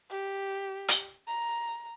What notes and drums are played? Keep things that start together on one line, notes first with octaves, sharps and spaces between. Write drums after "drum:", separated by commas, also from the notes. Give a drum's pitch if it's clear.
G4
drum: hi-hat
A#5